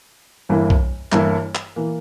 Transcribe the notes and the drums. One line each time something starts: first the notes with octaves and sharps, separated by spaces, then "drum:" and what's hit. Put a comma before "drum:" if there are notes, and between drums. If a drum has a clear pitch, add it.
G1 G2 E3 A#3 E4
drum: kick B1
G1 G2 E3 A#3 E4, drum: clap
drum: clap
E3 A#3